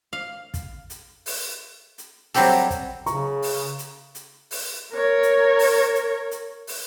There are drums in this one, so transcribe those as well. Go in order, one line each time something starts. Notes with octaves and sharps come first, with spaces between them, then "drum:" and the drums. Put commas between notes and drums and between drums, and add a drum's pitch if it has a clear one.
F5
drum: kick, hi-hat
drum: hi-hat
drum: open hi-hat
drum: hi-hat
F#3 G3 C4 G4 A4, drum: open hi-hat
drum: kick, hi-hat
C#3 A#5 C#6, drum: hi-hat
drum: open hi-hat
drum: hi-hat
drum: hi-hat
drum: open hi-hat
A#4 C#5
drum: hi-hat
drum: open hi-hat
drum: hi-hat
drum: hi-hat
drum: open hi-hat